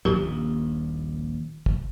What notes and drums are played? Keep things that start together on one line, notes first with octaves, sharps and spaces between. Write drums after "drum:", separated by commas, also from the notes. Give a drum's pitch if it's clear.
D#1 A#1 F3 G4 A#4, drum: tom A2
drum: kick